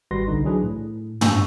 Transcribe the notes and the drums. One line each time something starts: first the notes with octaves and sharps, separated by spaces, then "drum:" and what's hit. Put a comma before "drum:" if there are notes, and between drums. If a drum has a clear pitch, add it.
G#1 G3 F#4 B4 C6 A#6
C2 D3 D#4
E3 F#3 D4 G#4 B4
A2
G2 C#6 E6 G6, drum: tom